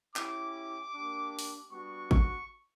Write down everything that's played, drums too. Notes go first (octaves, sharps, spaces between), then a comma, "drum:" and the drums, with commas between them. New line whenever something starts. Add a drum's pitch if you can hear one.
C#4 E4 G4 D6, drum: clap
A#3 D4 G4
drum: open hi-hat
G3 B3 D4 F#4 C#6
C#6, drum: kick G#1